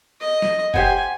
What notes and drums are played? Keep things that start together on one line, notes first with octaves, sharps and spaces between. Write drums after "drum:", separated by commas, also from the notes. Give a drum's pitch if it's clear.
D#5
drum: snare
G4 C5 F#5 G#5, drum: kick